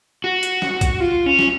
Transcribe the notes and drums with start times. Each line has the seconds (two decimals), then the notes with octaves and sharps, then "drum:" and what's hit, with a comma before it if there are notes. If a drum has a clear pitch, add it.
0.24 F#4
0.43 drum: hi-hat
0.62 drum: snare
0.81 drum: kick A#1, hi-hat
1.00 F4
1.26 C#4
1.39 drum: snare